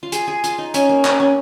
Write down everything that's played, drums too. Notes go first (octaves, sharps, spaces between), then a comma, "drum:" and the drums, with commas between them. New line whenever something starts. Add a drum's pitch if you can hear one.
F4
G#4, drum: hi-hat
G#4
F4, drum: hi-hat
D#4
C#4, drum: hi-hat
A#3
C#4, drum: clap
C#4